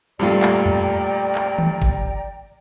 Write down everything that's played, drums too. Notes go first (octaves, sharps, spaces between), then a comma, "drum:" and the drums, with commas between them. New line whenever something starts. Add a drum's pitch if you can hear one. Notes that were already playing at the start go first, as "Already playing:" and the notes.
F2 A#2 G3 A3 F4 D5 G5 A#5
drum: clap
drum: tom E2
drum: clap
drum: tom
drum: kick G1